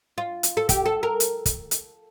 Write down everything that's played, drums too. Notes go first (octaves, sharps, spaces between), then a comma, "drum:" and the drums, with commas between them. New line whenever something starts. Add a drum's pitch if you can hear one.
F4
drum: hi-hat
A4
G4, drum: kick, hi-hat
A4
A#4
drum: hi-hat
drum: kick, hi-hat
drum: hi-hat